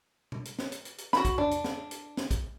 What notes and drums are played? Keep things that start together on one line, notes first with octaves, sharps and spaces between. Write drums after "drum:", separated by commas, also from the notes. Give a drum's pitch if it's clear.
drum: tom B2
drum: hi-hat
drum: snare
drum: hi-hat
drum: hi-hat
drum: hi-hat
F#4 B5, drum: snare
drum: kick, hi-hat
D4, drum: tom E2
drum: hi-hat
drum: snare
drum: hi-hat
drum: snare
drum: kick, hi-hat